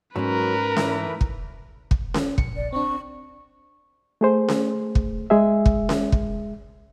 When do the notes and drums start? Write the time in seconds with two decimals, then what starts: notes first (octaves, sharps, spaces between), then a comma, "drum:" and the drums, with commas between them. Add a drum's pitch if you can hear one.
0.16 G#2 F#3 C#4 A#4 B4
0.77 E3 A3 E4, drum: snare C#4
1.21 drum: kick
1.91 drum: kick
2.14 drum: snare C#4
2.38 A#1 C#7, drum: kick
2.56 D5
2.72 C4 D4 C#6
4.21 A3 G#4 C5
4.48 drum: snare C#4
4.95 drum: kick
5.30 G#3 G#4 E5
5.66 drum: kick
5.89 drum: snare C#4
6.12 drum: kick